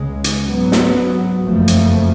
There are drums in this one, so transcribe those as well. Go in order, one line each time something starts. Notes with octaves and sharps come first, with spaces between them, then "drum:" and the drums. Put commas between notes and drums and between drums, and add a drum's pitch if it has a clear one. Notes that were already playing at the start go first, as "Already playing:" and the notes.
Already playing: C#2 C#3 G#3
drum: hi-hat
G#2 F#3 B3
drum: snare
F#1 F2 F3 A3
drum: hi-hat